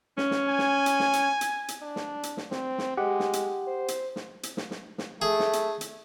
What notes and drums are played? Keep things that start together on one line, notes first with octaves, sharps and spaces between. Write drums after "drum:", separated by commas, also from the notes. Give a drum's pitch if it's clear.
C#4, drum: snare
drum: snare
G#5
drum: snare
drum: hi-hat
drum: snare
drum: hi-hat
drum: hi-hat
drum: hi-hat
D4
drum: snare
drum: hi-hat
drum: snare
C4, drum: snare
drum: snare
G#3 G4 F#5
drum: snare
drum: hi-hat
C5
drum: hi-hat
drum: snare
drum: hi-hat
drum: snare
drum: snare
drum: snare
A3 G#4
drum: snare
drum: hi-hat
drum: hi-hat